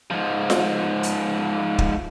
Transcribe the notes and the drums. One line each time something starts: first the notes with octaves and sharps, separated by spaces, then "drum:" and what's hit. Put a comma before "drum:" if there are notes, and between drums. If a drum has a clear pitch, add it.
G#2 F3
drum: snare F4
drum: hi-hat
drum: kick